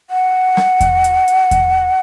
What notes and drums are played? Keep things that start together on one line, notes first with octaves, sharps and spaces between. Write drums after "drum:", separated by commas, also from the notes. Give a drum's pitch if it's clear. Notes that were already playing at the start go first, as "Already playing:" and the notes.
F#5
drum: snare
drum: kick E2, hi-hat
drum: hi-hat
drum: hi-hat
drum: kick E2, hi-hat